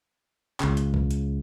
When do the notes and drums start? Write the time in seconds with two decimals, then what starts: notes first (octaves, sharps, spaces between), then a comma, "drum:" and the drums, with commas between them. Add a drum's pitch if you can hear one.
0.60 C#2 C#3, drum: clap
0.77 drum: hi-hat
0.94 drum: kick C2
1.11 drum: hi-hat